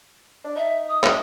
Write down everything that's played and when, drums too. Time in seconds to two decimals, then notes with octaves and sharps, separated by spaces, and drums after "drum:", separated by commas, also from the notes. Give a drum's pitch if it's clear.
0.44 D4
0.56 D#4 E5
0.89 D#6
1.03 D4, drum: clap